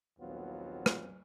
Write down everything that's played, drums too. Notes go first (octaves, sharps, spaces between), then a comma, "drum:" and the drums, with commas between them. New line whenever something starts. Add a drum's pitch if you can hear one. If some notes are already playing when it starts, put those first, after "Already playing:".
A#1 D#2 F#3 B3 C4 F4
drum: rim click